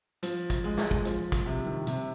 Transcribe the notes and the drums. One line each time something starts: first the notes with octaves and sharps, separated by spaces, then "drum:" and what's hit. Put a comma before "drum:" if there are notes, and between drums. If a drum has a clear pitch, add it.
F3, drum: hi-hat
drum: kick, hi-hat
G#3
drum: snare
drum: kick
F3, drum: hi-hat
drum: kick, hi-hat
C3
D#3
C3, drum: hi-hat